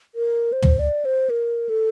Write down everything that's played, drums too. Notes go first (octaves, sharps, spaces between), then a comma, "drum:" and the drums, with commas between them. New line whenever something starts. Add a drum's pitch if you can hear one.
A#4
C5
drum: tom
D5
C5
A#4
A4